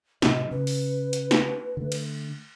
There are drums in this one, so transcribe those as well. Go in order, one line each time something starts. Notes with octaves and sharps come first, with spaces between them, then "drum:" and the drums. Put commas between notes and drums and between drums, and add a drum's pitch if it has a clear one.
A2 C3 F#3 D#5, drum: snare
C#3 B4
drum: open hi-hat
drum: hi-hat
drum: snare
D3 A3
drum: cymbal